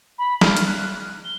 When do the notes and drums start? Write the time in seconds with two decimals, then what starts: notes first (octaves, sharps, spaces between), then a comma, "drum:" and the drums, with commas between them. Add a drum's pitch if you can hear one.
0.18 B5
0.41 F6, drum: snare
0.57 drum: hi-hat
0.66 F#6
0.99 F6
1.24 G7